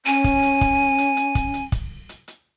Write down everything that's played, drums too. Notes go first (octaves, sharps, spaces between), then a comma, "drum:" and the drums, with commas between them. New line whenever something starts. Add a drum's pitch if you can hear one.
C#4 G#5, drum: hi-hat
drum: kick, hi-hat
drum: hi-hat
drum: kick, hi-hat
drum: hi-hat
drum: hi-hat
drum: kick, hi-hat
drum: hi-hat
drum: kick, hi-hat
drum: hi-hat
drum: hi-hat